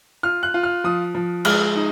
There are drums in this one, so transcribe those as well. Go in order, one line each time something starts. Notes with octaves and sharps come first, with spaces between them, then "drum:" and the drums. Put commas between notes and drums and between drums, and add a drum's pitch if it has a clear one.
F4 F6
F#6
F4
F6
F3 D#6
F3
G#3 F6, drum: cymbal
D#4